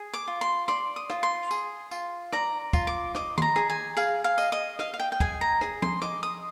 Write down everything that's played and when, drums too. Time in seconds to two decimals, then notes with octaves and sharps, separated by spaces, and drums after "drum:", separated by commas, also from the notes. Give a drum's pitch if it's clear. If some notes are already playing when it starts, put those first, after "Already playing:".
Already playing: G#4
0.14 D6
0.28 F4
0.41 C6
0.68 D5 C6, drum: rim click
0.96 D#6
1.10 F4, drum: rim click
1.23 C6
1.51 G#4, drum: tambourine
1.91 F4, drum: tambourine
2.33 D5 A#5, drum: rim click
2.73 F4, drum: kick, tambourine
2.87 D6
3.15 D#5 D6, drum: rim click
3.38 C6, drum: tom D#3
3.42 A#5
3.56 G#4, drum: rim click
3.70 G#5
3.97 G#4 F5, drum: tambourine
4.24 F5
4.38 D#5, drum: tambourine
4.52 D#5
4.79 D#5 F5, drum: rim click
4.94 F5
5.00 G5
5.12 G5
5.20 G#4 G#5, drum: kick
5.41 A#5
5.61 G#4, drum: rim click
5.82 C6, drum: tom F3
6.02 D#5 D6, drum: rim click
6.23 D#6